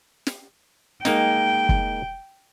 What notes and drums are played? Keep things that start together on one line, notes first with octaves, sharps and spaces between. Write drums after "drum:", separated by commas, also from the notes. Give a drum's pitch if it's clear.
drum: snare
G#3 A#3 D#4 G5, drum: snare
drum: kick